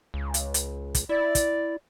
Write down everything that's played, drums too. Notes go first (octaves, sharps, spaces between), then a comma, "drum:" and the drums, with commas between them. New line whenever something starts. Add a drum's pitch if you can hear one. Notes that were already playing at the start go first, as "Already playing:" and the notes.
C#2
drum: hi-hat
drum: hi-hat
drum: kick, hi-hat
E4 D5
drum: kick, hi-hat